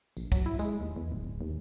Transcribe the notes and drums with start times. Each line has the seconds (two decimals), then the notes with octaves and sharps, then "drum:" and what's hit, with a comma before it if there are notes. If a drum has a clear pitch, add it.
0.17 A#1, drum: tambourine
0.32 F#3, drum: kick, tambourine
0.46 E4
0.59 G#3, drum: tambourine
0.81 D#2
0.96 E2
1.12 D1
1.27 D1
1.41 D#2